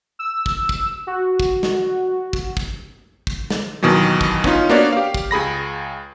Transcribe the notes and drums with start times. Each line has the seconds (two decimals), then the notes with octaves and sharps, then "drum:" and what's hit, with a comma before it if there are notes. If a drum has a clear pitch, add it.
0.19 E6
0.46 drum: kick
0.69 drum: kick
1.07 F#4
1.40 drum: kick
1.63 drum: snare
2.33 drum: kick
2.57 drum: kick
3.27 drum: kick
3.50 drum: snare
3.83 D#2 B2 D#3 E3 F#3
4.21 drum: kick
4.44 B3 C#4 D#4 F4, drum: kick
4.69 A#3 B3 D4 F#4 C#5 D5
4.92 G4 F5
5.14 drum: kick
5.31 C#2 G#4 B5 A#6